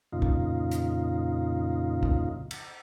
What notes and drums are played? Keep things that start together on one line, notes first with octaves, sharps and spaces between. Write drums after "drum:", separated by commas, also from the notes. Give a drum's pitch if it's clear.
F2 A#2 C#3 D#4 F4
drum: kick
drum: hi-hat
drum: kick
drum: cymbal